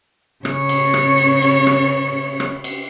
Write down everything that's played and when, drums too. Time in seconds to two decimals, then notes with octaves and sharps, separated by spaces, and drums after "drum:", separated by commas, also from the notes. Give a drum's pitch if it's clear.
0.45 C#3 C#5, drum: rim click
0.69 drum: cymbal
0.94 drum: rim click
1.18 drum: cymbal
1.42 drum: cymbal
1.67 drum: rim click
2.40 drum: rim click
2.64 drum: cymbal